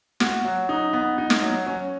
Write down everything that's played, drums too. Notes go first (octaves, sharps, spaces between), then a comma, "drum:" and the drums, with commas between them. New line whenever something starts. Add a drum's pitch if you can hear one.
F#4, drum: snare
F#3
D#4
B3
D#4
drum: snare
F#3
C#4